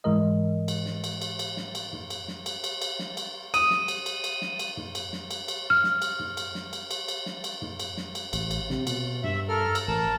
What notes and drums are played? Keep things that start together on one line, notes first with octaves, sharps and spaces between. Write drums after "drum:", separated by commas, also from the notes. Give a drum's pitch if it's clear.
G#2 E3 G#3 A#4 D#5
drum: cymbal
drum: snare
drum: cymbal
drum: cymbal
drum: cymbal
drum: snare
drum: cymbal
drum: tom
drum: cymbal
drum: snare
drum: cymbal
drum: cymbal
drum: cymbal
drum: snare
drum: cymbal
D#6 D#7, drum: cymbal
drum: snare
drum: cymbal
drum: cymbal
drum: cymbal
drum: snare
drum: cymbal
drum: tom
drum: cymbal
drum: snare
drum: cymbal
drum: cymbal
F6
drum: snare
drum: cymbal
drum: tom
drum: cymbal
drum: snare
drum: cymbal
drum: cymbal
drum: cymbal
drum: snare
drum: cymbal
drum: tom
drum: cymbal
drum: snare
drum: cymbal
A1, drum: cymbal
drum: cymbal
C3, drum: snare
B2, drum: cymbal
G2 E5
A4 A#4 F6
drum: cymbal
A1 A#4 A5